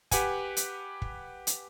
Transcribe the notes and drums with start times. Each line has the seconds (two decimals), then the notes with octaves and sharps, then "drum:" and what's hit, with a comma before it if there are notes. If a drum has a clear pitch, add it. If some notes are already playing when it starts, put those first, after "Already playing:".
0.11 G4 B4 F#5 G#5, drum: kick, hi-hat
0.57 drum: hi-hat
1.02 drum: kick
1.47 drum: hi-hat